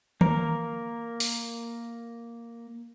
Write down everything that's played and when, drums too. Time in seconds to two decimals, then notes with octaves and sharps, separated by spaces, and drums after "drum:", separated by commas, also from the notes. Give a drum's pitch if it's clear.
0.21 A#3 A#4, drum: tom D#3
1.20 drum: open hi-hat